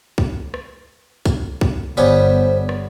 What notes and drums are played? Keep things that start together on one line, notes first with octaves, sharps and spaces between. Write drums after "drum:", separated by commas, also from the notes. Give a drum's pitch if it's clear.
drum: kick
drum: rim click
drum: kick, tambourine
drum: kick
G1 G3 B3 C#4 C5, drum: tambourine
drum: rim click